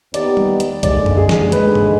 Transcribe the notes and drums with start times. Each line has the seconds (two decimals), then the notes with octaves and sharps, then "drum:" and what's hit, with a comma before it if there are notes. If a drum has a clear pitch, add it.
0.14 D#2 D#3 B3 D#4 G4 D5, drum: hi-hat
0.37 drum: tom G3
0.60 drum: hi-hat
0.83 D#2 D3 G#3 D5, drum: kick, hi-hat
1.06 drum: tom F#2
1.17 G#4
1.29 drum: snare
1.52 D#2 D3 G#3 B4, drum: hi-hat
1.75 drum: tom G2